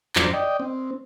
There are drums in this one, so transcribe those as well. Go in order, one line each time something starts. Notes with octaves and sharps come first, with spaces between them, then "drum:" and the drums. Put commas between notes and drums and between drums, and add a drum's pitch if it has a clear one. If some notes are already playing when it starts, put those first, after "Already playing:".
F2 F#3 D4 C5 A#5 D6, drum: clap
D5 D#5 G5
C4